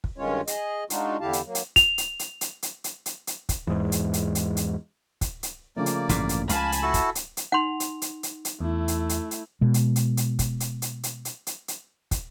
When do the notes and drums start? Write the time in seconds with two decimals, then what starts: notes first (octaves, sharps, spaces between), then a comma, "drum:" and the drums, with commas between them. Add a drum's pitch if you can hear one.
0.04 drum: kick
0.18 G2 D#3 G#3 C#4 F4 C#5
0.47 G#4 D#5, drum: hi-hat
0.90 G#3 D4 D#4 F4 F#4, drum: hi-hat
1.21 E2 D3 E4 G4 F5 A5
1.33 drum: hi-hat
1.45 F#3 A#3
1.55 drum: hi-hat
1.76 F7, drum: kick, hi-hat
1.98 drum: hi-hat
2.19 drum: hi-hat
2.41 drum: hi-hat
2.63 drum: hi-hat
2.84 drum: hi-hat
3.06 drum: hi-hat
3.27 drum: hi-hat
3.49 drum: kick, hi-hat
3.67 E2 G#2
3.92 drum: hi-hat
4.13 drum: hi-hat
4.35 drum: hi-hat
4.57 drum: hi-hat
5.21 drum: kick, hi-hat
5.43 drum: hi-hat
5.76 C#3 F3 A3 A#3 D5
5.86 drum: hi-hat
6.09 A1 G2 A#2, drum: hi-hat
6.29 drum: hi-hat
6.49 C#2 F5 G#5 A5 B5, drum: hi-hat
6.72 drum: hi-hat
6.83 E4 F#4 A4
6.94 drum: kick, hi-hat
7.15 drum: hi-hat
7.37 drum: hi-hat
7.52 D#4 F#5 C6 F7
7.80 drum: hi-hat
8.02 drum: hi-hat
8.23 drum: hi-hat
8.45 drum: hi-hat
8.60 E2 A3 E4
8.88 drum: hi-hat
9.09 drum: hi-hat
9.31 drum: hi-hat
9.61 B2 G#3
9.74 drum: hi-hat
9.96 drum: hi-hat
10.17 drum: hi-hat
10.39 drum: kick, hi-hat
10.60 drum: hi-hat
10.82 drum: hi-hat
11.03 drum: hi-hat
11.25 drum: hi-hat
11.47 drum: hi-hat
11.68 drum: hi-hat
12.11 drum: kick, hi-hat